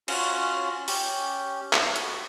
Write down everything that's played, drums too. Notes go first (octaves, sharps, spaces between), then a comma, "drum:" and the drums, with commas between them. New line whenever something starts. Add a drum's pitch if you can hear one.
C#4 F4 F#4, drum: cymbal
C#4 G4, drum: open hi-hat
drum: clap
F#4 B5, drum: hi-hat